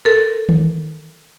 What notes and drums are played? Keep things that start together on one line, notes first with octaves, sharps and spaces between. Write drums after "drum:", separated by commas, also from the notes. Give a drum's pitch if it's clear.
A4 A#4
drum: tom D#3